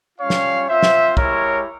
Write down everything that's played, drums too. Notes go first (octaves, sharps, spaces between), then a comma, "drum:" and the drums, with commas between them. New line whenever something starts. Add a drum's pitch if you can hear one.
G3 C#4 F4 C#5 F5
drum: snare
C4 F4 C5 E5
drum: snare
G#3 E4 G4 A#4 C#5, drum: kick